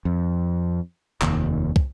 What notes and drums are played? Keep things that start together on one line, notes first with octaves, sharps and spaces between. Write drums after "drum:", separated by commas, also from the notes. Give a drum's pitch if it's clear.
F2
F1 D#2, drum: clap
drum: kick